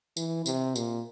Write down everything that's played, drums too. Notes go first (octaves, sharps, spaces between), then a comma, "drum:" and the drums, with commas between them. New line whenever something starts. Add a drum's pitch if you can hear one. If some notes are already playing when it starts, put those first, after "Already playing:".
E3, drum: tambourine
C3, drum: tambourine
A#2, drum: tambourine